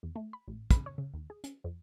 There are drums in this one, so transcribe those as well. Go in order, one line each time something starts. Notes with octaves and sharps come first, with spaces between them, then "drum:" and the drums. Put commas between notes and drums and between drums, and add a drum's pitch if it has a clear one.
E2
A3
B5
A1
B5, drum: kick, hi-hat
C#5
C#3
D#2
G#4
C#4, drum: hi-hat
F2